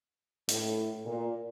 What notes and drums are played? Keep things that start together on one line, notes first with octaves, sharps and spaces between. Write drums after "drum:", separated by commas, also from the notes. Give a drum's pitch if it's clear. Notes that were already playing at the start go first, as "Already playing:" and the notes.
A2, drum: hi-hat
A#2